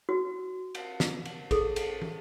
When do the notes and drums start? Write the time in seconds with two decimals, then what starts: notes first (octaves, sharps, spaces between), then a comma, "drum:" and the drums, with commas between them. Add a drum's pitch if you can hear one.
0.09 F#4
0.75 drum: cymbal
1.00 drum: snare
1.25 drum: cymbal
1.51 G#4 A4, drum: kick A#1, cymbal
1.76 drum: cymbal
2.02 drum: tom